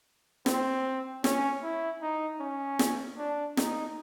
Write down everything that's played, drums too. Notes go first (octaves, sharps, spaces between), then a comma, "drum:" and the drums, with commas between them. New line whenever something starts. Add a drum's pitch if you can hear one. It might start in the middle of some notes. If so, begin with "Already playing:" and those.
C4, drum: snare
C#4, drum: snare
E4
D#4
C#4
drum: snare
D4
D#4, drum: snare